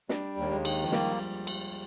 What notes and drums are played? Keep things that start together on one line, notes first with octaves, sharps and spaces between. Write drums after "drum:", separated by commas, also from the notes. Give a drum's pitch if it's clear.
G3 D4, drum: snare
D#2
A#3
G#3
D#3, drum: cymbal
F3
G3 A#3, drum: snare
drum: cymbal